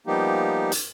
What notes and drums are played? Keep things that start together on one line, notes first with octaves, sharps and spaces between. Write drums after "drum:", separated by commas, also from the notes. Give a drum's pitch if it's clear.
F3 G3 A#3 B3 D#4 G4
drum: hi-hat